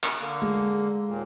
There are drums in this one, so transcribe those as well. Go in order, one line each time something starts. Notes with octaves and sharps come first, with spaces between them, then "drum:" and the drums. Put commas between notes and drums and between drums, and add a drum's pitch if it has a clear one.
drum: clap
D3 A#3
G#3
D#2 A#2